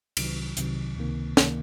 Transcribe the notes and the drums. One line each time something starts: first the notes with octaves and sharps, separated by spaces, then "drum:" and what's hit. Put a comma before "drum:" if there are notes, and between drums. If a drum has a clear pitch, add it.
C2 C3 D#3 F#3, drum: cymbal
C2 C3 D#3 F#3, drum: hi-hat
C#2 C3 D#3 A#3
C#2 C3 D#3 A#3, drum: snare